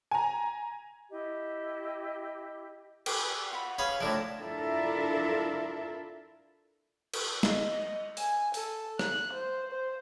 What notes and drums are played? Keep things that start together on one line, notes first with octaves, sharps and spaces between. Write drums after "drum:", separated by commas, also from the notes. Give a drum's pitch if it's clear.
G#5 A#5
E4 G4 D#5
G4 G#4 B4, drum: cymbal
F4 F#4 B5
C#4 G#4 B4 F5 B5
A2 D3 F3 E4 A5 A#5
D4 E4 F4 A4 A#4 E5
drum: cymbal
D#5, drum: snare
G#5, drum: open hi-hat
A4, drum: open hi-hat
F#6, drum: rim click
C5
C5